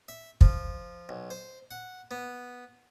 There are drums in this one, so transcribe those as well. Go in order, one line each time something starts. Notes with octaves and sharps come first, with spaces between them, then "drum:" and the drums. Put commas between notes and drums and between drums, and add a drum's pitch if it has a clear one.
E5
F3, drum: kick
B1
C5
F#5
B3